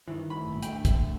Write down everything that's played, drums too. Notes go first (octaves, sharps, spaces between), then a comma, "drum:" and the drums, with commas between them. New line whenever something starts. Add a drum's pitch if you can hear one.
G2 D#3 E3
F#1 A3 B5
G#1 G2 A#2
D2 D3 G5, drum: hi-hat
drum: kick, hi-hat